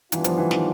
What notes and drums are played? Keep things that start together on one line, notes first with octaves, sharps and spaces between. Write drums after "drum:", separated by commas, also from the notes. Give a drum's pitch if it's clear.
E3 G3 B3 D4 F4, drum: hi-hat
F3, drum: hi-hat
E3
D#3, drum: snare